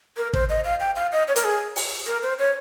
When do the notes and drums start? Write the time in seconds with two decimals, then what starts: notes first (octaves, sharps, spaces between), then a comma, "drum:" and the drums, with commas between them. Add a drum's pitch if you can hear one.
0.17 A#4
0.33 C5, drum: kick
0.49 D#5
0.64 F5
0.80 G5
0.96 F5
1.12 D#5
1.28 C#5
1.36 A#4, drum: hi-hat
1.44 G#4
1.76 drum: open hi-hat
2.07 A#4
2.23 C5
2.39 C#5